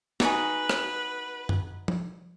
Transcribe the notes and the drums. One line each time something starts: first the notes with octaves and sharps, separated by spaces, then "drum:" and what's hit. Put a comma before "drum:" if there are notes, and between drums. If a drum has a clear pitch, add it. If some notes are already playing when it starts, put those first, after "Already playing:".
D#4 F#4 G#4 B4, drum: snare
drum: rim click
drum: tom F#2
drum: tom F3